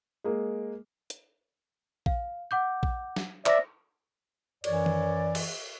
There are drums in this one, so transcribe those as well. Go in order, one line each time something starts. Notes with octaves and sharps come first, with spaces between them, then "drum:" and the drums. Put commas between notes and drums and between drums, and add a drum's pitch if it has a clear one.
G#3 A#3
drum: hi-hat
F5, drum: kick A#1
F#5 D6 G6
drum: kick A#1
drum: snare
C5 D5 E5 A#6, drum: clap
F#2 E3 C#5 D5, drum: cymbal
drum: tom D#3
drum: cymbal